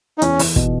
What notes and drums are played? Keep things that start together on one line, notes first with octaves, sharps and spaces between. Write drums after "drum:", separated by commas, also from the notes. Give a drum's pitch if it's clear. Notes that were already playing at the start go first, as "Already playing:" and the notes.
D#4
E2 C#4, drum: hi-hat
E2, drum: open hi-hat
B2, drum: kick